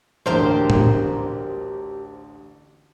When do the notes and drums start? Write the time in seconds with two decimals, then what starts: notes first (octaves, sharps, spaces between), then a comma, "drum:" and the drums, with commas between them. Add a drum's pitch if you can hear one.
0.26 A1 D2 G4 A#4 C5
0.70 drum: tom A2